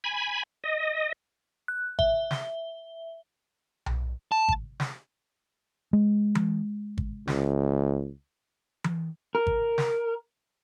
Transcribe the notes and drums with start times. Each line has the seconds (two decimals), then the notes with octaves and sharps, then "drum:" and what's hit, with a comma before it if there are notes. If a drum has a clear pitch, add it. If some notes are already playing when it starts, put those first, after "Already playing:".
0.04 G#5 B5
0.64 D#5
1.68 F#6
1.99 E5 G7, drum: kick
2.31 drum: snare
3.86 drum: tom B1
4.32 A5
4.49 drum: kick
4.80 drum: snare
5.93 G#3
6.35 drum: tom E3
6.98 drum: kick
7.28 C#2, drum: snare
8.84 drum: tom E3
9.35 A#4
9.47 drum: kick
9.78 drum: snare